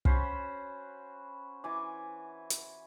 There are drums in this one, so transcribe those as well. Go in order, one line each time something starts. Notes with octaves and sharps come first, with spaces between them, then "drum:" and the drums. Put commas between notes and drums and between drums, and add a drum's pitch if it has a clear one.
C#4 F#4 C5 B5, drum: kick
E3 G#5 D6
drum: hi-hat